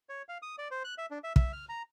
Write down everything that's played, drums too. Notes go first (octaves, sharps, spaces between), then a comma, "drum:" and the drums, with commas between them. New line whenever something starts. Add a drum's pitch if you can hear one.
C#5
F5
D#6
D5
C5
F#6
E5
D4
E5
E5, drum: kick
F6
A#5